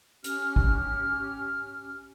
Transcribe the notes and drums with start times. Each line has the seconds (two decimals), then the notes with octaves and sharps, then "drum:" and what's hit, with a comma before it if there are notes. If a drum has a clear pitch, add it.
0.24 C#4 G4 F6, drum: hi-hat
0.56 drum: kick